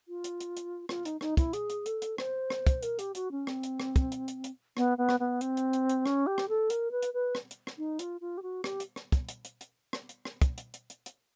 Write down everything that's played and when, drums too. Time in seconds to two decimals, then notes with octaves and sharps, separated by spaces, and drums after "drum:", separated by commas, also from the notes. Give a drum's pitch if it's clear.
0.08 F4
0.24 drum: hi-hat
0.40 drum: hi-hat
0.57 drum: hi-hat
0.89 F4, drum: rim click
1.05 D#4, drum: hi-hat
1.21 D#4, drum: rim click
1.37 E4, drum: kick, hi-hat
1.53 G#4, drum: hi-hat
1.70 drum: hi-hat
1.86 A4, drum: hi-hat
2.02 drum: hi-hat
2.18 C5, drum: rim click
2.50 drum: rim click
2.67 drum: kick, hi-hat
2.83 A#4, drum: hi-hat
2.99 G4, drum: hi-hat
3.15 F#4, drum: hi-hat
3.31 C#4
3.47 C4, drum: rim click
3.63 drum: hi-hat
3.80 drum: rim click
3.96 drum: kick, hi-hat
4.12 drum: hi-hat
4.28 drum: hi-hat
4.44 drum: hi-hat
4.77 B3, drum: rim click
4.98 B3
5.09 drum: rim click
5.20 B3
5.41 C4, drum: hi-hat
5.57 drum: hi-hat
5.73 drum: hi-hat
5.89 drum: hi-hat
6.06 C#4, drum: rim click
6.27 G4
6.38 drum: rim click
6.49 A4
6.70 A#4, drum: hi-hat
6.91 B4
7.02 drum: hi-hat
7.14 B4
7.35 drum: rim click
7.51 drum: hi-hat
7.67 drum: rim click
7.78 D#4
7.99 F4, drum: hi-hat
8.21 F4
8.38 G4
8.42 F#4
8.64 G4, drum: rim click
8.80 drum: hi-hat
8.96 drum: rim click
9.12 drum: kick, hi-hat
9.29 drum: hi-hat
9.45 drum: hi-hat
9.61 drum: hi-hat
9.93 drum: rim click
10.09 drum: hi-hat
10.25 drum: rim click
10.42 drum: kick, hi-hat
10.58 drum: hi-hat
10.74 drum: hi-hat
10.90 drum: hi-hat
11.06 drum: hi-hat